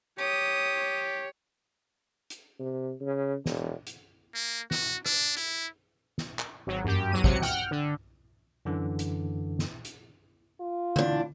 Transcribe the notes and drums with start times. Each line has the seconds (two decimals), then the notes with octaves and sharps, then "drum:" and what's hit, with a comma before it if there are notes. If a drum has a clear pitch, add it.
0.18 G4 C#5 D#6
2.30 drum: hi-hat
2.59 C3
3.01 C#3
3.46 E1, drum: snare
3.87 drum: hi-hat
4.34 A#3
4.71 F#4, drum: snare
5.06 D4, drum: rim click
5.37 E4, drum: hi-hat
6.18 drum: snare
6.39 drum: clap
6.67 G#1 F#3
6.85 F#2 G4, drum: tom G2
7.12 E2 F#3 D#7
7.24 C#2 C3 F#3 C#7, drum: kick
7.42 F#5 G5 F6, drum: snare
7.71 D3
8.65 F#2 D3 E3
8.99 drum: hi-hat
9.59 drum: snare
9.85 drum: hi-hat
10.60 F4
10.96 E2 D4, drum: tom D3